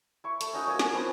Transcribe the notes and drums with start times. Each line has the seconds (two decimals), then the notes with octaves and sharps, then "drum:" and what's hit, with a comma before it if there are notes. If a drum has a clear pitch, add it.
0.24 E4 C#6
0.41 A3, drum: hi-hat
0.53 C#4 D#4 F#4
0.67 F#3 A#3 G#5 E6
0.79 A#3 G#5, drum: snare
0.93 F3 B3 B4 C5